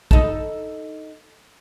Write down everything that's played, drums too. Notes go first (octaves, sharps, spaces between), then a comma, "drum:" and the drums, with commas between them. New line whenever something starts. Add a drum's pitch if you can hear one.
D#4 A4, drum: kick